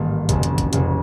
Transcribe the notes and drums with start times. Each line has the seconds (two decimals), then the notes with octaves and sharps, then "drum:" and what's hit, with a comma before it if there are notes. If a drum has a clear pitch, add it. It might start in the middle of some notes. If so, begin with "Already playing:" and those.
Already playing: A1 G#2 D#3 G3 A#3
0.29 F1 F2 C#3 F#3, drum: kick, hi-hat
0.43 drum: hi-hat
0.58 drum: kick, hi-hat
0.73 F1 F2 C#3 F#3, drum: hi-hat